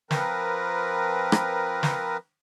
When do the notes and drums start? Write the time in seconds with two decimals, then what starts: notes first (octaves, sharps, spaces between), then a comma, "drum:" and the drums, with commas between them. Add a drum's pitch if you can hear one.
0.11 F3 C4 A#4 B4, drum: snare
1.32 drum: rim click
1.83 drum: snare